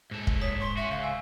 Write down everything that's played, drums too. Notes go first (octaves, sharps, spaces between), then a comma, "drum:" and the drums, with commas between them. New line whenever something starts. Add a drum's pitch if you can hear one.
G#2 A4
drum: kick
C#5 D#6 B6 F#7
C6 C#6
C#4 F#4 E5
C#2 F5
G#5 E6